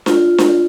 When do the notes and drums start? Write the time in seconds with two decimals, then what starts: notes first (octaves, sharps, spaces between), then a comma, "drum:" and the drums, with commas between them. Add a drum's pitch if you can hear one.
0.06 F4, drum: snare D4
0.38 drum: snare D4